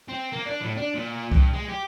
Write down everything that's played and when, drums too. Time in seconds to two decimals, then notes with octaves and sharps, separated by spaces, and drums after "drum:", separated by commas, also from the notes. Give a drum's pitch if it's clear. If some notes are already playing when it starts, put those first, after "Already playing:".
0.08 C4
0.33 A#3
0.45 D4
0.61 A2
0.77 D4
0.95 A#2
1.32 G2, drum: kick C2
1.54 G#3
1.69 G4